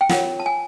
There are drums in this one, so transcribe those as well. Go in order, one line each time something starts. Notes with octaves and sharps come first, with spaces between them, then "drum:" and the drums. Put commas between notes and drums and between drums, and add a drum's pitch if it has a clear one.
G5
F4 A#4 C#5 F#5, drum: snare
A5
G#5